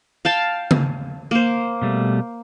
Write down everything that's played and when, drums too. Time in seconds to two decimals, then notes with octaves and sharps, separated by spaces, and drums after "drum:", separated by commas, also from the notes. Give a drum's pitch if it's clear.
0.25 F5 G5 A5
0.71 drum: tom C#3
1.31 A#3 C5
1.82 B2 G3 A3